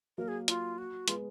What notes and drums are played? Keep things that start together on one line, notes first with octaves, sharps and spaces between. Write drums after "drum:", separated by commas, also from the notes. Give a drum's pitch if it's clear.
F#3 A#3 A#4
G#4
F4, drum: hi-hat
F#4
G#3 B3 F4, drum: hi-hat